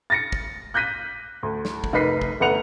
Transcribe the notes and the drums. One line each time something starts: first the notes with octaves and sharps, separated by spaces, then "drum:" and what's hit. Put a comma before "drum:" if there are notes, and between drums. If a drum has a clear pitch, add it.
A6 A#6 C#7
drum: kick
F#6 G6 A#6 B6 D#7
D2
drum: snare
drum: kick
F1 D#4 A#4 B4 B6 C7
drum: kick
G1 A3 B4 F#5 C#7 F7